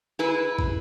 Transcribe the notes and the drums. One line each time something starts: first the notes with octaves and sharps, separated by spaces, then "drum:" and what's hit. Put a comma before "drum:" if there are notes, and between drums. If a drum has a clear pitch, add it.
E4 G#4 B4
drum: kick